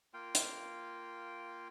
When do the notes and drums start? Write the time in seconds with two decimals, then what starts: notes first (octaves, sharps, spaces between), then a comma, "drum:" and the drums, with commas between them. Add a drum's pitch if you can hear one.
0.14 A#3 F4 F5 G5
0.35 drum: hi-hat